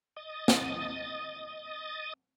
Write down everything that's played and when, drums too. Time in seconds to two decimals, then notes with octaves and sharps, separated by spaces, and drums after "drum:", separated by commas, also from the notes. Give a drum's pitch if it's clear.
0.17 D#5 D#6 A6
0.48 drum: snare